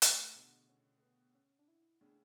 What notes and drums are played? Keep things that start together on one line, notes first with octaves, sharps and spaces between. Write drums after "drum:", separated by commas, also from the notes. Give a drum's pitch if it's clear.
A2 C#3 A3, drum: hi-hat
B2 D3 B3
C#4
A3
B3
C#4
D4
E4
A2 C#3 D4